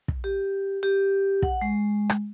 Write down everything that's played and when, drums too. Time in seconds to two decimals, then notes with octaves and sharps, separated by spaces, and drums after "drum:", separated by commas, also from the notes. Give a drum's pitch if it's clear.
0.08 drum: kick
0.24 G4
0.83 G4
1.42 F#5, drum: kick
1.61 G#3
2.10 drum: rim click